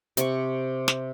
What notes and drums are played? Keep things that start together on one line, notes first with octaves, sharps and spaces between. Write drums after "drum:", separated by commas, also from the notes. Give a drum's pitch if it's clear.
C3 C#6, drum: hi-hat
drum: snare